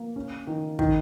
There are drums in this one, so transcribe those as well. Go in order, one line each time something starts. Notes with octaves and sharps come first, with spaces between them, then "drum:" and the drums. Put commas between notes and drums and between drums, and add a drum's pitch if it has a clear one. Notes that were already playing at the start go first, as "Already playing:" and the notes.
Already playing: A#3
C#4
D#3
D#3, drum: kick